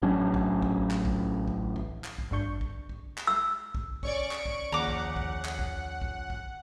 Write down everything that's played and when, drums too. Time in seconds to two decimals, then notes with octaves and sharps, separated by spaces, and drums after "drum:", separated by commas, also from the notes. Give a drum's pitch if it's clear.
0.02 A1 F#3 C#4 D4
0.34 drum: kick B1
0.62 drum: kick B1
0.91 drum: clap
1.05 drum: kick B1
1.48 drum: kick B1
1.76 drum: kick B1
2.04 drum: clap
2.18 drum: kick B1
2.31 G#1 G2 D4 C#6 G6
2.61 drum: kick B1
2.89 drum: kick B1
3.18 drum: clap
3.27 E6
3.75 drum: kick B1
4.03 C#4 C#5 D5 C#6 D7, drum: kick B1
4.31 drum: clap
4.45 drum: kick B1
4.72 D#2 C#3 F3 F#5 A#5 D6
4.88 drum: kick B1
5.16 drum: kick B1
5.45 drum: clap
5.59 drum: kick B1
6.02 drum: kick B1
6.30 drum: kick B1